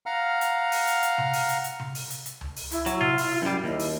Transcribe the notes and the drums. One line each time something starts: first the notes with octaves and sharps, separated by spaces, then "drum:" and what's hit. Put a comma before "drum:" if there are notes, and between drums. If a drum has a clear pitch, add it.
F5 F#5 A#5 F6
drum: hi-hat
drum: open hi-hat
drum: hi-hat
drum: hi-hat
drum: tom C3
drum: open hi-hat
drum: hi-hat
drum: hi-hat
drum: tom C3
drum: open hi-hat
drum: hi-hat
drum: hi-hat
drum: tom C#2
drum: open hi-hat
E4, drum: hi-hat
F#3, drum: hi-hat
F4, drum: tom C3
drum: open hi-hat
F#2 G3
D#2 E4
drum: open hi-hat